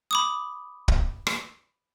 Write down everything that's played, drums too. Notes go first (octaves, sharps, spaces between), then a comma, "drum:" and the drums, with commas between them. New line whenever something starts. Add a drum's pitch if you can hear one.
B5 D6 D#6
drum: kick
drum: rim click